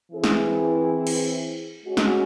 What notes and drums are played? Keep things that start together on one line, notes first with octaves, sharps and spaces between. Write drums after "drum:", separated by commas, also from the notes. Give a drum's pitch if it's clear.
E3 C4 E4 G#4
drum: snare
drum: cymbal
G#3 C#4 F#4
drum: snare